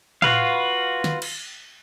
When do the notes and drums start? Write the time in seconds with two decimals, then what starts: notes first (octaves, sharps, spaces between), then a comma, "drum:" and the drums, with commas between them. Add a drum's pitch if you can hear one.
0.22 F4 F#4 B4 F5, drum: tom
1.04 drum: snare
1.22 drum: cymbal